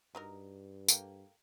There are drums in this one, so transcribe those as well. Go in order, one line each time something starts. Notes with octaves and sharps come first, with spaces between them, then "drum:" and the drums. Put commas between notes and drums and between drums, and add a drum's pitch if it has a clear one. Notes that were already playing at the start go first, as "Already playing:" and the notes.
G2 F#3 D#4 A#4
A3 A#3 G4, drum: tambourine